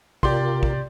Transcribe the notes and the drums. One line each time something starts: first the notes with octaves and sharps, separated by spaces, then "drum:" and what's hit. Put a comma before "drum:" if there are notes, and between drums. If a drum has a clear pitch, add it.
C3 F4 G4 A#4 D5 C6, drum: kick
drum: kick